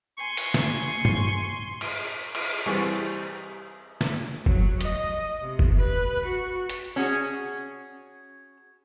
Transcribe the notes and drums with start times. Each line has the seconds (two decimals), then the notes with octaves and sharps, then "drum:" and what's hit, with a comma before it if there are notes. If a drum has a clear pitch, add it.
0.18 G#5 C6 C#6
0.37 drum: open hi-hat
0.54 drum: snare
1.05 drum: tom G2
1.81 drum: cymbal
2.35 drum: cymbal
2.66 C2 E3 G3 C4 G#4 C#6
4.01 drum: snare
4.46 F#3, drum: kick
4.81 D#5, drum: hi-hat
5.41 C3
5.59 drum: kick
5.77 B4
6.25 F#4
6.70 drum: hi-hat
6.96 C#4 F#4 G#4